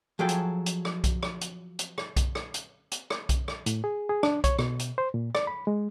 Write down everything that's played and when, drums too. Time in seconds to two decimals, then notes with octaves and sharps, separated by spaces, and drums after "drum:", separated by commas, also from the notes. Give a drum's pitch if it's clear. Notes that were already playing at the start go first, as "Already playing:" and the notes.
0.19 F3 F#3 G#4 A4 G5
0.29 drum: hi-hat
0.66 drum: hi-hat
0.85 drum: rim click
1.04 drum: kick B1, hi-hat
1.23 drum: rim click
1.41 drum: hi-hat
1.79 drum: hi-hat
1.98 drum: rim click
2.16 drum: kick B1, hi-hat
2.35 drum: rim click
2.54 drum: hi-hat
2.92 drum: hi-hat
3.10 drum: rim click
3.29 drum: kick B1, hi-hat
3.48 drum: rim click
3.66 A2, drum: hi-hat
3.84 G#4
4.09 G#4
4.23 D4, drum: rim click
4.44 C#5, drum: kick B1, hi-hat
4.59 B2, drum: rim click
4.79 drum: hi-hat
4.98 C5
5.14 A#2
5.35 D5, drum: rim click
5.47 B5
5.67 G#3